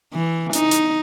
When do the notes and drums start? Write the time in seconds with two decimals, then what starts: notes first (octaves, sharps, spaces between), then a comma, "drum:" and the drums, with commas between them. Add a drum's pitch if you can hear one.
0.13 E3
0.53 D#4, drum: hi-hat
0.71 drum: hi-hat